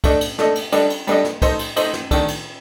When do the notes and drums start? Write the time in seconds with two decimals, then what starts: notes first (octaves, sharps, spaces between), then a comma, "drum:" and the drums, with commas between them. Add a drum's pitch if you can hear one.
0.04 A3 D4 A4 D#5, drum: kick, cymbal
0.21 drum: cymbal
0.38 A3 D4 A4 D#5, drum: snare
0.55 drum: cymbal
0.72 G3 D4 A4 D#5, drum: cymbal
0.90 drum: cymbal
1.07 G3 D4 A4 D#5, drum: cymbal
1.25 drum: snare
1.42 A3 D#4 A4 C5 D#5, drum: kick, cymbal
1.59 drum: cymbal
1.76 A3 D#4 A4 C5 D#5, drum: cymbal
1.94 drum: snare
2.11 D#3 A3 D4 A4, drum: kick, cymbal
2.28 drum: cymbal